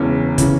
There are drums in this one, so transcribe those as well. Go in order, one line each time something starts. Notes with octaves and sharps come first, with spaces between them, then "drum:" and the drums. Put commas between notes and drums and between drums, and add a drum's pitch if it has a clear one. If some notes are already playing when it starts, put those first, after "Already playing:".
Already playing: E1 E2 C#3 C#4
C#3 E3 C#4, drum: kick, hi-hat